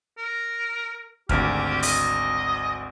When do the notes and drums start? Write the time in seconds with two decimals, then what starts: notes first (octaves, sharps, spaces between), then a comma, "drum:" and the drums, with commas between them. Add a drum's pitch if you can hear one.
0.18 A#4
1.29 G#1 D2 G4 F6, drum: kick
1.83 D#5, drum: open hi-hat